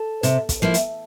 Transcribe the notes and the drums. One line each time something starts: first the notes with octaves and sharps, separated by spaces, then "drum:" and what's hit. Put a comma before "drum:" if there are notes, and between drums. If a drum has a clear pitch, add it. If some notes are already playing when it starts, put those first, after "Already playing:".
Already playing: A4
C3, drum: hi-hat
drum: kick, hi-hat
F3 A#3 E4
drum: hi-hat